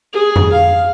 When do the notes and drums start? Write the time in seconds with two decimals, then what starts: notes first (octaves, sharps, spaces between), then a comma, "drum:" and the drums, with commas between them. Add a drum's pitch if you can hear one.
0.13 G#4
0.36 drum: tom F2
0.52 F5